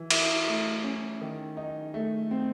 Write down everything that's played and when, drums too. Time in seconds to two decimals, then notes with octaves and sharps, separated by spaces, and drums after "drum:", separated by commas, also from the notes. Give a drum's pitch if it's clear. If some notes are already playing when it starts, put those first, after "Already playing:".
Already playing: E3
0.11 E4, drum: cymbal
0.47 A3
0.84 C#4
1.21 D#3
1.57 D#4
1.94 A3
2.31 C4